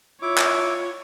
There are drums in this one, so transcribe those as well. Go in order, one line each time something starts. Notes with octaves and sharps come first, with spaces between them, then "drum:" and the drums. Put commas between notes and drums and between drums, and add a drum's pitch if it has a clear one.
E4 F4 C#5 D6
drum: clap